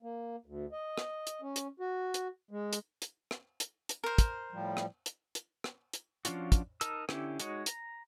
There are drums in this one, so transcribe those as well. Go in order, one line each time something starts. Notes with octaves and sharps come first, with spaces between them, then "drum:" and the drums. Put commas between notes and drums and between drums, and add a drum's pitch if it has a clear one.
A#3
D2
D#5
drum: rim click
drum: hi-hat
C#4
drum: hi-hat
F#4
drum: hi-hat
G#3
drum: hi-hat
drum: hi-hat
drum: rim click
drum: hi-hat
drum: hi-hat
A#4 C5
drum: kick, hi-hat
A2 F3 G3
drum: rim click
drum: hi-hat
drum: hi-hat
drum: rim click
drum: hi-hat
F3 C#4 D4 F4 F#4, drum: hi-hat
drum: kick, hi-hat
D#4 A#4 A5 E6, drum: hi-hat
D3 C#4 E4 G4, drum: rim click
G#3 D#4 F#4 C#5, drum: hi-hat
A#5, drum: hi-hat